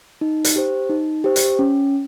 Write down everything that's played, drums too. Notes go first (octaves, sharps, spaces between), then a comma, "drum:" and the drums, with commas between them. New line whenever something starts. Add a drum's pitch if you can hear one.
D#4
drum: hi-hat
G4 C5
D#4
G4 C5
drum: hi-hat
C#4